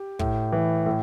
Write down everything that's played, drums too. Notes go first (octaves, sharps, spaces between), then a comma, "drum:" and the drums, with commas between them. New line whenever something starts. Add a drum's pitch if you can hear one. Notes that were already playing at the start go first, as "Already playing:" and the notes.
Already playing: G4
A2, drum: kick
E3
A2